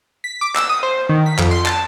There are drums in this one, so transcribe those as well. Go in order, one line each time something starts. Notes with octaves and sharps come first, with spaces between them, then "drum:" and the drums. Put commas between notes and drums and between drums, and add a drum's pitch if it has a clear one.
B6
D6
E6, drum: clap
D#6
C5
D#3
B6
F2, drum: clap
C6
A5, drum: clap